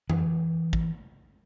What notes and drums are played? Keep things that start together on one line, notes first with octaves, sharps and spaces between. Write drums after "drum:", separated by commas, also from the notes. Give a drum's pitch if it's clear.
E3, drum: tom F2
drum: kick G#1